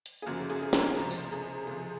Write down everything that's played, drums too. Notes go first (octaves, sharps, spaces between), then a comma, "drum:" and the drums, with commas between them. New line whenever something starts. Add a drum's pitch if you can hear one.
drum: hi-hat
G#4
F#2 C#3 F3 A#3 F#4
G#4
G#4
A#4, drum: snare
C#2 C3 F3 A#4
drum: tambourine
G#4
C#2 C3 F3 G#4